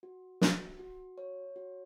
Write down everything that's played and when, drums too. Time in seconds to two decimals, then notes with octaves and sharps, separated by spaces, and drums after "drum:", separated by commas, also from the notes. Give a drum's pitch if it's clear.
0.03 F#4
0.41 F#4, drum: snare
0.79 F#4
1.18 C#5
1.56 F#4